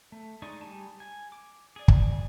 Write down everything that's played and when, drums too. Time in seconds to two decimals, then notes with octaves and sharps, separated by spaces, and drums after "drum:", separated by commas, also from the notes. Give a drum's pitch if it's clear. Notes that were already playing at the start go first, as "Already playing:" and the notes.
0.12 A3
0.42 G#3 D#4 D5 D#5 C#6
0.61 G3 G4 G#5 A5
1.00 G#5
1.32 D6
1.76 G#4 D5
1.88 drum: kick